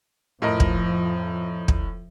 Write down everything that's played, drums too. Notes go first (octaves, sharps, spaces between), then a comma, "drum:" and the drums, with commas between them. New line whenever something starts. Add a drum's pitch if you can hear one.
F2 A2 F3 A#4 D#5
drum: kick
drum: kick